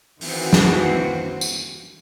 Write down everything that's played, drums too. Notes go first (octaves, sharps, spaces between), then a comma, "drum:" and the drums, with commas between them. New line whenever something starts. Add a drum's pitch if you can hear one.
D#3 E3 A#3 C4 F#4 C5, drum: open hi-hat
drum: snare
drum: tambourine